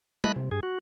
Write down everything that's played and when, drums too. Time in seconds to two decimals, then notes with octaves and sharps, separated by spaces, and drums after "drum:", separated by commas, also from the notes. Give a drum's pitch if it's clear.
0.24 A3 D#5 B5 F#6, drum: tom
0.36 C3
0.51 G2 G#4
0.63 F#4